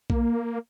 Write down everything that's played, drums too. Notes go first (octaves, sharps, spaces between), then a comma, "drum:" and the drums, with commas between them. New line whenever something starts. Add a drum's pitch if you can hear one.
A#3, drum: kick A#1